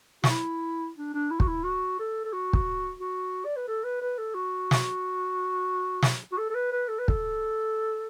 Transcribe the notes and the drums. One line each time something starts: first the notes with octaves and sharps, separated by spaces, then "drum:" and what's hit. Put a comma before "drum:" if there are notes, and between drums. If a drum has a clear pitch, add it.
F#4, drum: snare
E4
D4
D4
E4
F#4, drum: kick
E4
F#4
A4
A4
F#4
drum: kick
F#4
D5
B4
A4
B4
B4
A4
F#4
drum: snare
drum: snare
F#4
A4
A4
B4
B4
A4
B4
A4, drum: kick